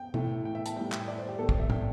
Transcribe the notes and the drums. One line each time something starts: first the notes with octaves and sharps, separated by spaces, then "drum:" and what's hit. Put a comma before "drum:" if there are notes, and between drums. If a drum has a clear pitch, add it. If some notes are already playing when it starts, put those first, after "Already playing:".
Already playing: G5
A2 E3 A3, drum: tom
G5
E5
A5, drum: hi-hat
A2 G3 G5
E5, drum: clap
D5
C5
G4
A2 A3 A4
D5, drum: kick
E5
G5, drum: tom